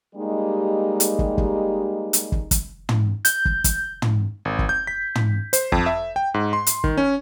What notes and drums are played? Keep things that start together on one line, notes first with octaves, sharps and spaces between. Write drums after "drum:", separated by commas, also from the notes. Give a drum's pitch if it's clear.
G3 G#3 A#3 D#4 G4
drum: hi-hat
drum: kick
drum: kick
drum: hi-hat
drum: kick
drum: kick, hi-hat
drum: tom
G6, drum: hi-hat
drum: kick
drum: kick, hi-hat
drum: tom
G#1
drum: kick
G6
B6
drum: tom
C5, drum: hi-hat
F2, drum: kick
E5
G5
G#2
C6
drum: hi-hat
D#3, drum: kick
C#4